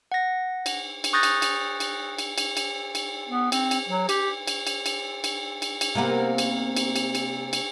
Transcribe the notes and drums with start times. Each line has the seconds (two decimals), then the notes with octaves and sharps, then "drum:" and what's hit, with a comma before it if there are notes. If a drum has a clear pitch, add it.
0.12 F#5 A#6
0.66 drum: cymbal
1.04 drum: cymbal
1.13 C#6 D#6 F#6 G6 A6 A#6
1.23 drum: cymbal
1.42 drum: cymbal
1.80 drum: cymbal
2.19 drum: cymbal
2.38 drum: cymbal
2.57 drum: cymbal
2.95 drum: cymbal
3.29 B3
3.52 C4, drum: cymbal
3.71 drum: cymbal
3.89 F#3
4.09 G4, drum: cymbal
4.48 drum: cymbal
4.67 drum: cymbal
4.86 drum: cymbal
5.24 drum: cymbal
5.62 drum: cymbal
5.81 drum: cymbal
5.95 C3 A#3 B3
6.38 drum: cymbal
6.77 drum: cymbal
6.96 drum: cymbal
7.15 drum: cymbal
7.53 drum: cymbal